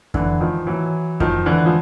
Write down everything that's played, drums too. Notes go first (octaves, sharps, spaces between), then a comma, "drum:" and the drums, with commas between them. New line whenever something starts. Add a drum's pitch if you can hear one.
D3 E3, drum: kick F2
D#3 F3
E3 F#3
D#3 F3, drum: kick F2
D3 E3
F3